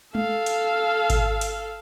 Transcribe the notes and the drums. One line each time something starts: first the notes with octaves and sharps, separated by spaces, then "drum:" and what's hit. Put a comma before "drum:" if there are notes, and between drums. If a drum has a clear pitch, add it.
A4 F5, drum: tom G#3
drum: hi-hat
drum: kick G#1, hi-hat
drum: hi-hat